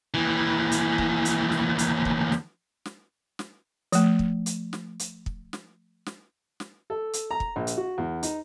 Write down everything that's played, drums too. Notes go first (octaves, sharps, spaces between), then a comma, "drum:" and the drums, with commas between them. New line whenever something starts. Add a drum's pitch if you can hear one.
D#2 E3
drum: hi-hat
drum: kick
drum: hi-hat
drum: snare
drum: hi-hat
drum: kick
drum: snare
drum: snare
drum: snare
F3 A3, drum: hi-hat
drum: kick
drum: hi-hat
drum: snare
drum: hi-hat
drum: kick
drum: snare
drum: snare
drum: snare
A4
drum: hi-hat
A#5
drum: kick
A#1
drum: hi-hat
F#4
E2
D#4, drum: hi-hat